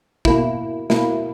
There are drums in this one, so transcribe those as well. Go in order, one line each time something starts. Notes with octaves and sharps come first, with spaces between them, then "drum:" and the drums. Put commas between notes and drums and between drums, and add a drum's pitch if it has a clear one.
B2 A#3 E4, drum: kick
B2 A#3 E4, drum: snare